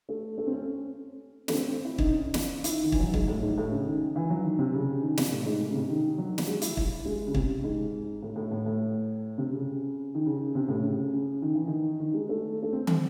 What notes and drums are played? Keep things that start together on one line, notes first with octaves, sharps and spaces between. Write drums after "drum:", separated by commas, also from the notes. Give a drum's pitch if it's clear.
A3
A3
C4
C#4
A3, drum: snare
C4
C4
E4
D#4, drum: kick
C#4
drum: snare
E4, drum: hi-hat
D#4
D#3
E3, drum: kick
F#3
G#2, drum: kick
A2
G#2
A2
C#3
D#3
E3
F#3
D#3
C3
C#3
D#3
C3, drum: snare
A2
G#2
A2
C#3
C3
D#3
F#3
F#3, drum: snare
G#3
E4, drum: hi-hat
E4, drum: kick
G#3
C#3
C3, drum: kick
G#2
A2
A2
A2
A2
C3
C#3
D#3
C#3
C3
A2
C#3
C#3
D#3
E3
D#3
D#3
G#3
A3
A3
C4
C4, drum: tom